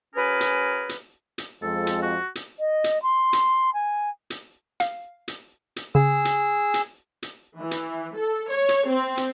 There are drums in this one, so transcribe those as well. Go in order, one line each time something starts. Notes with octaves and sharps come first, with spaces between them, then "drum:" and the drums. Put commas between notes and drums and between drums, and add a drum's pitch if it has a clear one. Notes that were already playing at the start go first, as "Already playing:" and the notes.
F#3 C#4 G#4 A#4 B4
drum: hi-hat
drum: hi-hat
drum: hi-hat
F2 F3 G#3 A4
drum: hi-hat
F#4
drum: hi-hat
D#5
drum: hi-hat
C6
drum: hi-hat
G#5
drum: hi-hat
F5, drum: hi-hat
drum: hi-hat
drum: hi-hat
C#3 G#4 E6
drum: hi-hat
drum: hi-hat
drum: hi-hat
E3
drum: hi-hat
A4
C#5
drum: hi-hat
C4
drum: hi-hat